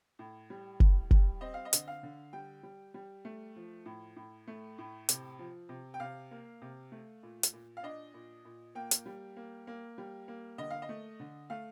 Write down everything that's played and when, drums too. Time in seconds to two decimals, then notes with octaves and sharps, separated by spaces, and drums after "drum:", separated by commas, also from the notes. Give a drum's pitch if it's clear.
0.19 A2
0.50 G3
0.80 A2, drum: kick F#1
1.11 G3, drum: kick F#1
1.41 C4 D#5
1.54 F5
1.65 D#5
1.73 D3, drum: hi-hat
1.88 F5
2.03 D3
2.33 G3 G5
2.63 G3
2.94 G3
3.25 A3
3.56 F3
3.85 A2
4.16 A2
4.47 A3
4.78 A2
5.09 C3, drum: hi-hat
5.39 F3
5.69 C3
5.94 G5
6.00 C3 F5
6.31 A#3
6.62 C3
6.92 A3
7.23 A#2
7.43 drum: hi-hat
7.53 A#2
7.77 F5
7.83 D4 D#5
8.14 A#2
8.45 A#2
8.75 A#3 G5
8.91 drum: hi-hat
9.06 G3
9.37 A#3
9.67 A#3
9.98 G3
10.28 A#3
10.58 D3 D#5
10.71 F5
10.82 D#5
10.89 A3
11.20 D3
11.50 A3 F5